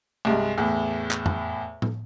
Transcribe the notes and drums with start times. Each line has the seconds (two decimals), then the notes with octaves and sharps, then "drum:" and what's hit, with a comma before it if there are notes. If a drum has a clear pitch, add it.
0.25 C2 G2 G#3
0.58 E2 A2
1.11 drum: clap
1.26 drum: tom F2
1.82 drum: tom A2